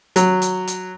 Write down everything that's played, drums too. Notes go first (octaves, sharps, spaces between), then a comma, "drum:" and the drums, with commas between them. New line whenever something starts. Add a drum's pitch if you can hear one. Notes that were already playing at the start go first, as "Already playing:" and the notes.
F#3, drum: hi-hat
drum: hi-hat
drum: hi-hat